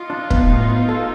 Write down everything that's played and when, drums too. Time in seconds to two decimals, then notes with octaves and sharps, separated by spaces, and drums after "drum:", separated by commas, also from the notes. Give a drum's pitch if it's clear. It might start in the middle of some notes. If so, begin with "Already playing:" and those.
Already playing: D#4 F4
0.10 D4
0.30 B3, drum: kick
0.50 A2
0.70 B3
0.89 A4